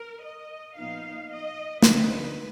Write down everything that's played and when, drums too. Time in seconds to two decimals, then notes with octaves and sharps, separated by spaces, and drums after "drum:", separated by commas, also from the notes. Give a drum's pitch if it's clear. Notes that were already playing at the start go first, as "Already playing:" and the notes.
Already playing: A#4
0.23 D#5
0.76 A#2 F3 B3 D#4 F5
1.30 D#5
1.83 D2 D3 G#3 D#4 B4, drum: snare